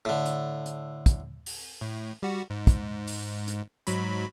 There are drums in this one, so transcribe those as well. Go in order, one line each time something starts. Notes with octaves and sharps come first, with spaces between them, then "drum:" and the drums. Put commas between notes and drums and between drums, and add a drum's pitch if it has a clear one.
A2 D3
drum: hi-hat
drum: hi-hat
drum: kick, hi-hat
drum: open hi-hat
A2
G3 F#4
G#2
drum: kick, hi-hat
drum: open hi-hat
drum: hi-hat
G#2 F#3 B5, drum: hi-hat